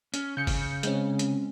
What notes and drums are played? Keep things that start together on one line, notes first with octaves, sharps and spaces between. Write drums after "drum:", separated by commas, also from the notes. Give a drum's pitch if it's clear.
C#4, drum: hi-hat
C#3 G6 C#7
drum: kick F#1, open hi-hat
G#3 C4 C#4, drum: hi-hat
drum: hi-hat